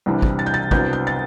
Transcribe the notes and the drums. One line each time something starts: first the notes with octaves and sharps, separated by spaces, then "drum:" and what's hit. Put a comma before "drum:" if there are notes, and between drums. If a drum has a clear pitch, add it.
C2 C3 E3 G3 D4
drum: kick
A6
G6
A6
C2 C3 F#3 B3 D4 G6, drum: kick
G6
A6